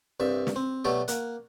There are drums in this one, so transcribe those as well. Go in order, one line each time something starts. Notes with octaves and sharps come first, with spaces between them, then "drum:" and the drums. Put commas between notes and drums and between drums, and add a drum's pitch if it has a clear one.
C2 G2 E5
drum: snare
C4
B2 F#3 G3 A3 G4 A4
A#3 F#5, drum: hi-hat